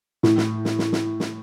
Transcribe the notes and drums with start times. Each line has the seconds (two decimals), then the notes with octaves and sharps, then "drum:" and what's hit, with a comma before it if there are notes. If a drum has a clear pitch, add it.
0.23 A2, drum: snare
0.37 drum: snare
0.65 drum: snare
0.79 drum: snare
0.92 drum: snare
1.20 drum: snare